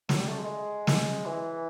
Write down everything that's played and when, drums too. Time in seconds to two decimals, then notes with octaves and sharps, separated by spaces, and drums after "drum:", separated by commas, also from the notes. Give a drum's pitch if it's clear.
0.09 F#3, drum: snare
0.19 G3
0.28 A3
0.39 G#3
0.87 drum: snare
1.26 E3